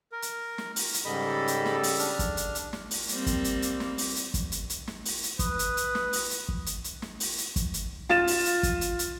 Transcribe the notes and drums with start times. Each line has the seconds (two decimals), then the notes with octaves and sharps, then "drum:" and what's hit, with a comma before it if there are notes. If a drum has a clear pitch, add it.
0.12 A#4
0.22 drum: hi-hat
0.58 drum: snare
0.76 drum: open hi-hat
0.94 drum: hi-hat
1.05 G#2 C#3 G3 A4 D#5 B5
1.48 drum: hi-hat
1.65 drum: snare
1.83 drum: open hi-hat
1.99 D4 F6, drum: hi-hat
2.19 drum: kick, hi-hat
2.37 drum: hi-hat
2.55 drum: hi-hat
2.73 drum: snare
2.91 drum: open hi-hat
3.09 G3 A#3 C4, drum: hi-hat
3.26 drum: kick, hi-hat
3.44 drum: hi-hat
3.62 drum: hi-hat
3.80 drum: snare
3.98 drum: open hi-hat
4.16 drum: hi-hat
4.34 drum: kick, hi-hat
4.52 drum: hi-hat
4.70 drum: hi-hat
4.87 drum: snare
5.05 drum: open hi-hat
5.23 drum: hi-hat
5.39 B4 D#6, drum: kick, hi-hat
5.59 drum: hi-hat
5.77 drum: hi-hat
5.95 drum: snare
6.13 drum: open hi-hat
6.31 drum: hi-hat
6.49 drum: kick
6.66 drum: hi-hat
6.84 drum: hi-hat
7.02 drum: snare
7.20 drum: open hi-hat
7.38 drum: hi-hat
7.56 drum: kick, hi-hat
7.74 drum: hi-hat
8.09 F4 A6 E7, drum: snare
8.27 drum: open hi-hat
8.45 drum: hi-hat
8.63 drum: kick, hi-hat
8.81 drum: hi-hat
8.99 drum: hi-hat